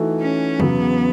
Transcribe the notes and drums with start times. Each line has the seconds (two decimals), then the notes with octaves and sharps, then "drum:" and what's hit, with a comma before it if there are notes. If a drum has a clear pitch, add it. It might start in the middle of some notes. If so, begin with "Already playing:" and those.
Already playing: E3 A3 D#4 F#4 A4
0.21 C#4
0.60 E2 C#3 F#3 B3, drum: tom